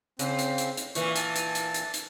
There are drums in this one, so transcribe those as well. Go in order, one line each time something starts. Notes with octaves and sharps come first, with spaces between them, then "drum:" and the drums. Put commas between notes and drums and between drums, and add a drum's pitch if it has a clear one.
C#3 C4, drum: hi-hat
drum: hi-hat
drum: hi-hat
drum: hi-hat
A#2 E3 C#6, drum: hi-hat
A5, drum: hi-hat
drum: hi-hat
drum: hi-hat
drum: hi-hat
drum: hi-hat